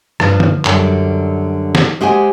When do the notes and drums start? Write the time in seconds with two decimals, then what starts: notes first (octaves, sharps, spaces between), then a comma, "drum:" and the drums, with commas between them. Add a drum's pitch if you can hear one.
0.20 G2 F3, drum: rim click
0.40 drum: tom D3
0.65 F#2 D3 G3, drum: clap
1.75 drum: snare
2.01 G#3 G4 C5 F#5 G#5